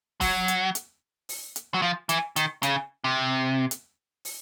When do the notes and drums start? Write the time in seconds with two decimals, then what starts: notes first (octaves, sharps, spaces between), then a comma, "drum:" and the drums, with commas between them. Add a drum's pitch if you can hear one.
0.21 F#3, drum: kick, open hi-hat
0.48 drum: hi-hat
0.75 drum: hi-hat
1.29 drum: open hi-hat
1.56 drum: hi-hat
1.74 F#3
1.82 F3
2.09 E3, drum: hi-hat
2.36 D#3, drum: hi-hat
2.63 C#3, drum: hi-hat
3.04 C3
3.71 drum: hi-hat
4.25 drum: open hi-hat